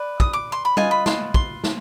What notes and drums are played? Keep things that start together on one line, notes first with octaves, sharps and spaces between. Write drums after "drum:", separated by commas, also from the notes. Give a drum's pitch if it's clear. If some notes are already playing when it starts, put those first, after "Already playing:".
Already playing: B4 D5
D#6, drum: kick
D6
C6
B5
F4 B4 D#5 G#5, drum: tom
B5
C6, drum: snare
C6, drum: kick
drum: snare